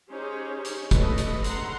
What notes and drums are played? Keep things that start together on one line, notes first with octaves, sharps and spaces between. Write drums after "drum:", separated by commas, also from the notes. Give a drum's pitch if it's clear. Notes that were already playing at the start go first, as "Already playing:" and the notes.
C#4 D#4 G4 G#4 C5 C#5
drum: hi-hat
A3 A4 B4 D#5, drum: kick, hi-hat
drum: hi-hat
A4 F#5 A#5 C6, drum: hi-hat